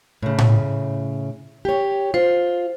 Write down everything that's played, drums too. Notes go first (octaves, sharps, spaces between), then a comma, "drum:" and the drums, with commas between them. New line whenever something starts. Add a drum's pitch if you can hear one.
A2 C#3
drum: tom A2
G4 C#5
F4 C5